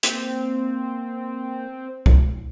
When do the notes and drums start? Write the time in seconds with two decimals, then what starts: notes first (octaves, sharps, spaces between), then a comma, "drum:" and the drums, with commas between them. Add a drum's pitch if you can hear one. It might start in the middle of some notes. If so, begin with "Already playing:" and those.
0.03 A#3 C4, drum: hi-hat
2.06 drum: kick C2